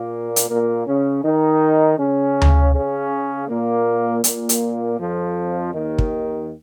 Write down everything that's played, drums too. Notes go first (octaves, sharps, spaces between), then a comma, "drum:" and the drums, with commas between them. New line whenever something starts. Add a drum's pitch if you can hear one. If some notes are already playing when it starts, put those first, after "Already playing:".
Already playing: A#2 A#3
drum: hi-hat
A#2 A#3
C#3 C#4
D#3 D#4
C#3 C#4
drum: tom D2
C#3 C#4
A#2 A#3
A#2 A#3, drum: hi-hat
drum: hi-hat
F2 F3
D#2 D#3
drum: kick